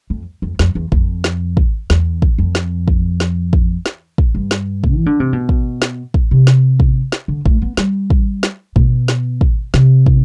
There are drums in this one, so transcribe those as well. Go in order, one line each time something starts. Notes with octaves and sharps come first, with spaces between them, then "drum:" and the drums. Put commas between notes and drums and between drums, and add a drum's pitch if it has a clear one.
F2
F2
F2, drum: snare
E2
F2, drum: kick
drum: snare
drum: kick
E2, drum: snare
drum: kick
F2
drum: snare
drum: kick
drum: snare
drum: kick
drum: snare
drum: kick
G2
drum: snare
drum: kick
E3
D3
C3
B2
drum: kick
drum: snare
drum: kick
C3
drum: snare
drum: kick
drum: snare
D3
A3, drum: kick
B3
G3, drum: snare
drum: kick
drum: snare
B2, drum: kick
drum: snare
drum: kick
C3, drum: snare
drum: kick